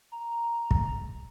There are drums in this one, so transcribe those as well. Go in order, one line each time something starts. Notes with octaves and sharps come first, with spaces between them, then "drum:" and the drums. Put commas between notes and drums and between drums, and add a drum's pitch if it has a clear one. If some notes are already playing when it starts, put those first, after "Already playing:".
A#5
drum: kick